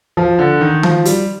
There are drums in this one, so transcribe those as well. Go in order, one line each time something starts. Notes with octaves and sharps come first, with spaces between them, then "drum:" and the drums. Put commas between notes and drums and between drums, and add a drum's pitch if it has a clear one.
F3
D3
D#3
F3, drum: tom D#3
G3, drum: hi-hat